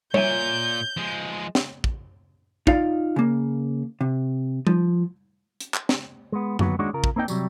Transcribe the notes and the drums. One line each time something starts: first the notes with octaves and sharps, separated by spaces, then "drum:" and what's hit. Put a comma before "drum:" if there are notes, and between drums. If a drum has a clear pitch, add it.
A#2 C#5 E5 G#5 G6, drum: tom G3
F3 G#3
drum: snare
drum: kick
D#4 F4 D5 F5, drum: kick
C#3 A#3
C3
F3, drum: tom G3
drum: hi-hat
drum: clap
drum: snare
G#3 B3
D#2 F#3 B3, drum: tom F#2
D#2 G#3 D4 D#4 F#4 C#5
C#3 F4 A#4
drum: kick
A#3 C4 D4 D#4 G5
C3 F#3 G3, drum: tambourine